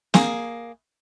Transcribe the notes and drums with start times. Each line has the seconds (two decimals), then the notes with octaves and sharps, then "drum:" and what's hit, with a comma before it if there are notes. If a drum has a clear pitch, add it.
0.14 A#3 G#4, drum: snare